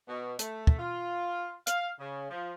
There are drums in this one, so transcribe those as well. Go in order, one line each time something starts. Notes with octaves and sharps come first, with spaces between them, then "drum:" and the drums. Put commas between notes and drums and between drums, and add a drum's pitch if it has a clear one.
B2
A3, drum: hi-hat
drum: kick
F4
F5, drum: hi-hat
C#3
F3